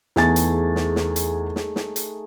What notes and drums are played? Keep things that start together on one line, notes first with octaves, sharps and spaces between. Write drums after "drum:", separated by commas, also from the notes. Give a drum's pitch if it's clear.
E2 A3 D#4 G#4 G#5 A6, drum: snare
drum: hi-hat
drum: snare
drum: snare
drum: hi-hat
drum: snare
drum: snare
drum: hi-hat